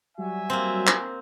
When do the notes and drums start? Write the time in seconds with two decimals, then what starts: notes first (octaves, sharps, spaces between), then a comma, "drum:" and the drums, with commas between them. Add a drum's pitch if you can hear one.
0.18 F#3 G3 F#4 E5 G#5
0.50 A#3 C4
0.87 drum: clap